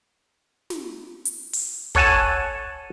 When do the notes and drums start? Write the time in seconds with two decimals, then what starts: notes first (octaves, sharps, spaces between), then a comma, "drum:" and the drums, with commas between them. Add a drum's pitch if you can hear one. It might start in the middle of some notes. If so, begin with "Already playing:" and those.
0.70 drum: snare
1.25 drum: hi-hat
1.53 drum: open hi-hat
1.95 A4 C#5 F#5 G#5 A5, drum: kick